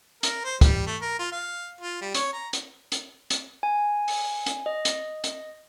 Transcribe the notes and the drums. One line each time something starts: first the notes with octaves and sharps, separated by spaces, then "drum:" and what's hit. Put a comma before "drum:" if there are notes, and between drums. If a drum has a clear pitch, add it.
A#4, drum: hi-hat
C5
G3, drum: kick, hi-hat
A3
A#4
F4
F5
F4
G3
C#5, drum: hi-hat
A#5
drum: hi-hat
drum: hi-hat
drum: hi-hat
G#5
drum: open hi-hat
drum: hi-hat
D#5
drum: hi-hat
drum: hi-hat